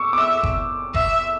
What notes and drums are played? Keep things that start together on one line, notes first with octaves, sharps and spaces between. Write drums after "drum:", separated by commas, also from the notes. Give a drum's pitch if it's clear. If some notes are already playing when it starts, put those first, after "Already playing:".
Already playing: C#6 D6 E6
D6
E5 E6
drum: kick F#1
E5, drum: kick F#1